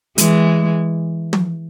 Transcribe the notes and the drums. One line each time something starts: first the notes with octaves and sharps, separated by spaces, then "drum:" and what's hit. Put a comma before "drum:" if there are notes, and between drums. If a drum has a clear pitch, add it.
E3 G#3, drum: hi-hat
drum: tom